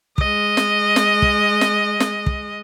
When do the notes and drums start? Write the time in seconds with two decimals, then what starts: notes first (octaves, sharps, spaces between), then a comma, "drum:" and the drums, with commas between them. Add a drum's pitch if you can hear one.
0.18 G#3 D#5, drum: kick
0.57 drum: snare
0.96 drum: snare
1.22 drum: kick
1.61 drum: snare
2.00 drum: snare
2.26 drum: kick